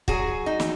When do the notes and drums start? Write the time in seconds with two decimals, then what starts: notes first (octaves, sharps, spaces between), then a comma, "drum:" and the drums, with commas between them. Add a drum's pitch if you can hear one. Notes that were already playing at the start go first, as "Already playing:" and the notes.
0.08 F#3 F#4 G#4, drum: kick
0.46 D#4
0.60 drum: snare